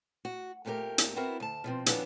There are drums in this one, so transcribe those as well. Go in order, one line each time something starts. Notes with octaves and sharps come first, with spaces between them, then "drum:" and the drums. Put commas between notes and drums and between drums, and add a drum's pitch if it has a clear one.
F#4
F2 A#2 A3 C4 G4 A#4
drum: hi-hat
B3 C4 E4 F#4 A#4
D2 A5
B2 F3 C4
D#3 F3 G3 B3 C#4 D4, drum: hi-hat